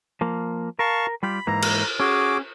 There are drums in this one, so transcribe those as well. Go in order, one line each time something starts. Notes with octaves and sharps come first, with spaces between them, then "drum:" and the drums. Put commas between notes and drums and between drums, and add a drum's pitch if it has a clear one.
F3 A#3
A#4 F5 A5 C#6
G3 F4 G4 B5
G#2 E3 A#3 A#5
drum: cymbal
C#4 F#4 G#4 D6